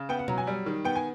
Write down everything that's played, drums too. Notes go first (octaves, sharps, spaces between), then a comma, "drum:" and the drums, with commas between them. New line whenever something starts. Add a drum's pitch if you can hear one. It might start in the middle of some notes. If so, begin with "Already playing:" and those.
Already playing: C#3
B3 G5
F#5
F#3 A#5, drum: tom B2
G#5
G3
D#3
B3 G5
G#5